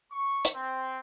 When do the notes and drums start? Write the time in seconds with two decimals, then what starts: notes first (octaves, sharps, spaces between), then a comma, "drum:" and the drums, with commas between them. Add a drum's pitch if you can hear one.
0.12 C#6
0.45 drum: hi-hat
0.55 C4